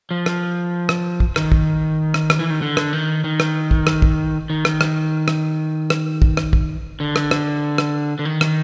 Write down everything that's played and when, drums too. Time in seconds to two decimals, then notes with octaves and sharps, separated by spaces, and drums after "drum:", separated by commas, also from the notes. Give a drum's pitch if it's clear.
0.11 F3
0.26 drum: rim click
0.89 drum: rim click
1.20 drum: kick
1.36 D#3, drum: rim click
1.52 drum: kick
2.14 drum: rim click
2.30 drum: rim click
2.39 E3
2.50 D#3
2.62 D3
2.77 drum: rim click
2.93 D#3
3.24 D#3
3.40 drum: rim click
3.71 drum: kick
3.87 drum: rim click
4.02 drum: kick
4.50 D#3
4.65 drum: rim click
4.81 drum: rim click
5.28 drum: rim click
5.90 drum: rim click
6.22 drum: kick
6.37 drum: rim click
6.53 drum: kick
7.00 D3
7.16 drum: rim click
7.31 drum: rim click
7.78 drum: rim click
8.19 D3
8.25 D#3
8.41 drum: rim click